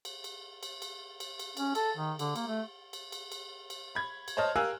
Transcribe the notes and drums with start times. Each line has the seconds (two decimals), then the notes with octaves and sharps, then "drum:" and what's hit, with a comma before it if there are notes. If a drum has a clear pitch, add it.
0.05 drum: cymbal
0.24 drum: cymbal
0.63 drum: cymbal
0.82 drum: cymbal
1.20 drum: cymbal
1.39 drum: cymbal
1.57 C#4, drum: cymbal
1.75 A4, drum: cymbal
1.97 D#3
2.19 D3, drum: cymbal
2.36 A#3, drum: cymbal
2.47 A3
2.93 drum: cymbal
3.12 drum: cymbal
3.32 drum: cymbal
3.70 drum: cymbal
3.95 B5 G#6
4.28 drum: cymbal
4.37 C5 C#5 D#5 A5 F6
4.56 G4 A#4 F5 G#5 E6 F#6